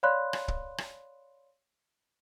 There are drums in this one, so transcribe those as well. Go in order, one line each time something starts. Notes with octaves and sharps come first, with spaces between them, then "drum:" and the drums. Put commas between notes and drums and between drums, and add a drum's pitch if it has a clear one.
C#5 D5 F5 B5 C6 F#6
drum: rim click
drum: kick
drum: rim click